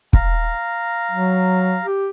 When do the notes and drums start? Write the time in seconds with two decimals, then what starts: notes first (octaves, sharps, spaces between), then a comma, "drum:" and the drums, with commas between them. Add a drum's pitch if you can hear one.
0.13 F5 A#5, drum: kick
1.11 F#3
1.85 G4